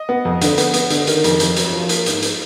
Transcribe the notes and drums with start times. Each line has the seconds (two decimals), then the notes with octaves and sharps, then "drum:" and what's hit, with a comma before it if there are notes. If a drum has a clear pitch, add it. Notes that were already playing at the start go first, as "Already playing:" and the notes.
Already playing: D#5
0.09 B3
0.25 F2
0.41 D3, drum: hi-hat
0.58 B3, drum: hi-hat
0.74 B3, drum: hi-hat
0.90 D3, drum: hi-hat
1.07 D#3, drum: hi-hat
1.24 F2, drum: hi-hat
1.40 F2, drum: hi-hat
1.57 F#3, drum: hi-hat
1.73 F3
1.89 A#3, drum: hi-hat
2.06 G#2, drum: hi-hat
2.23 drum: hi-hat